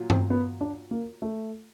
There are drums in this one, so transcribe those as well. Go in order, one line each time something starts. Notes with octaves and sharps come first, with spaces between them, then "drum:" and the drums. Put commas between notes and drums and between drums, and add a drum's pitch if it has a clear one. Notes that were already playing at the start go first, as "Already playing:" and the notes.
Already playing: A#2 F#3 F4
C4, drum: tom G2
B3
D4
A#3
A3